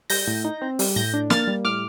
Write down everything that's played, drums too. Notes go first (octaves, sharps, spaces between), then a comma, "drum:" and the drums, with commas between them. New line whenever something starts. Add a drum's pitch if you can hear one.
G3 G6 A#6, drum: open hi-hat
A2
D#4
C4
G3, drum: open hi-hat
A2 G6 A#6
D4
A#3 F6 A6, drum: snare
G3
A2 D6 F6